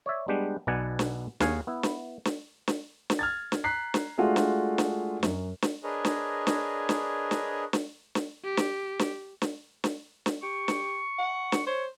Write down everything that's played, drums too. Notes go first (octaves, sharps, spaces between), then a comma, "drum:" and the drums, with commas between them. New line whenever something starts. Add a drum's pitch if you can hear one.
C#5 D5 E5
G3 G#3 B3 D4 G4
B1 B2 B3 D5 F#5 G#5
drum: snare
D#2 G#4 C#5 F5 F#5 G#5, drum: snare
B3 E4
drum: snare
drum: snare
drum: snare
drum: snare
F6 G#6 A6
drum: snare
A#5 F#6 B6 C7
drum: snare
G#3 A3 D4 F4 F#4 G#4
drum: snare
drum: snare
F#2, drum: snare
drum: snare
D4 G#4 A#4 B4 C#5 D#5
drum: snare
drum: snare
drum: snare
drum: snare
drum: snare
drum: snare
G4
drum: snare
drum: snare
drum: snare
drum: snare
drum: snare
G4 C#6
drum: snare
F#5
drum: snare
C5 C#5